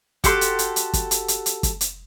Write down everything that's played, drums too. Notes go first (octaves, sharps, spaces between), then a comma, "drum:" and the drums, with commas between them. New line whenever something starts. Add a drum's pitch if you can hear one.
F#4 G4 A4 C6, drum: kick, hi-hat
drum: hi-hat
drum: hi-hat
drum: hi-hat
drum: kick, hi-hat
drum: hi-hat
drum: hi-hat
drum: hi-hat
drum: kick, hi-hat
drum: hi-hat